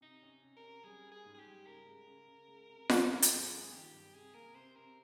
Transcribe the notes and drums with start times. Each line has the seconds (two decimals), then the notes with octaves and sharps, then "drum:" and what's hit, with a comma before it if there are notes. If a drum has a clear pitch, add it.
0.01 C3 D#4
0.23 C#4
0.43 C3
0.56 A#4
0.64 C#4
0.84 G3 G#4
1.04 C#4
1.12 G#4
1.25 G#2
1.34 G#4
1.39 G4
1.46 G3
1.66 C#3 A#4
1.86 G#3
2.07 C#3
2.28 C#3
2.48 G#3
2.69 C3
2.89 C3, drum: snare F4
3.11 F3
3.22 A#4, drum: hi-hat
3.31 G2 G#4
3.52 A#3
3.73 D#3 G4
3.93 G2
4.14 C3 G#4
4.34 A#3 A#4
4.54 C3 C5
4.76 C3 A#4